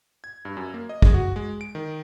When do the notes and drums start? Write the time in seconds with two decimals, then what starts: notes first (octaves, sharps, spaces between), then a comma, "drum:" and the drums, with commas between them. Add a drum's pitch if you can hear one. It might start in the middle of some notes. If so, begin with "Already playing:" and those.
0.24 G#6
0.45 G2
0.57 F#2
0.74 A#3
0.89 D#5
1.02 G#4, drum: kick
1.14 F#4
1.36 G#3
1.61 D7
1.75 D#3